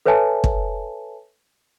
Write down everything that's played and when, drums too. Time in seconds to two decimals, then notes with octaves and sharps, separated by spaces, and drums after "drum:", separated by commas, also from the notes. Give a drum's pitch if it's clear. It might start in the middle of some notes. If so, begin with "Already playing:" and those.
0.06 A4 B4 C#5 E5 G#5 A5
0.44 drum: kick